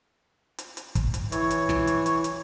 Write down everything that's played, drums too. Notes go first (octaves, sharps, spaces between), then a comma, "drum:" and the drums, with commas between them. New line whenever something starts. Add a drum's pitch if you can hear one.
drum: hi-hat
drum: hi-hat
drum: kick, hi-hat
drum: hi-hat
E3 C#5, drum: hi-hat
drum: hi-hat
drum: snare
drum: hi-hat
drum: hi-hat
drum: hi-hat